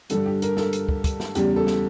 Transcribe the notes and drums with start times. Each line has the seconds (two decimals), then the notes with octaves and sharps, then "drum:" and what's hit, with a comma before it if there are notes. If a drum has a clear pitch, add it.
0.10 G2 D3 G3 A4, drum: hi-hat
0.26 G4
0.42 A#4, drum: hi-hat
0.57 A4, drum: snare
0.73 drum: hi-hat
0.89 drum: kick
1.04 drum: kick, hi-hat
1.20 drum: snare
1.35 E2 C#3 G3 G4, drum: hi-hat
1.56 A4
1.67 drum: snare